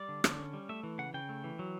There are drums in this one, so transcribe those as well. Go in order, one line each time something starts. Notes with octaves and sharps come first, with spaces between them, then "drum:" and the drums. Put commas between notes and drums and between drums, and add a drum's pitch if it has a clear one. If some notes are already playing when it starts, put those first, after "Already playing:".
Already playing: G3 D5
D3
D3, drum: rim click
C#4
G3
A3 E5
E3
C#3 F#5
C#3 G5
A3
E3
F#3